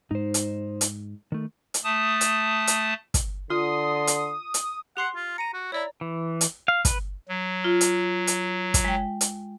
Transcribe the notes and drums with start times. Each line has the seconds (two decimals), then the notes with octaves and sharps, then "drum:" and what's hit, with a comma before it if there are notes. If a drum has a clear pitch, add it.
0.11 G#2 D#4 C5
0.34 drum: hi-hat
0.81 drum: hi-hat
1.32 D#3 A3
1.74 drum: hi-hat
1.84 A3 A5 D#6
2.21 drum: hi-hat
2.67 drum: hi-hat
3.14 drum: kick, hi-hat
3.50 D3 F4 C6 D#6
4.07 drum: hi-hat
4.54 drum: hi-hat
4.97 G4 F#5 C6 C7
5.16 F4
5.38 A#5 C#7 D#7
5.54 F#4
5.72 E4 C#5 D5 A#5
6.01 E3
6.41 drum: hi-hat
6.68 F5
6.85 B4, drum: kick, hi-hat
7.28 F#3
7.64 F4
7.81 drum: hi-hat
8.27 drum: hi-hat
8.74 drum: kick, hi-hat
8.84 G#3 G5
9.21 drum: hi-hat